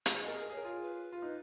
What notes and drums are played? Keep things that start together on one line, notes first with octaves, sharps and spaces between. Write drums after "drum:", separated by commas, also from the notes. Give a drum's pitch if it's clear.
drum: hi-hat
G#4 D#5
A#4
G#4
A#4
G#4 C#5
A#4
F4 G#4
B4
F4
D#4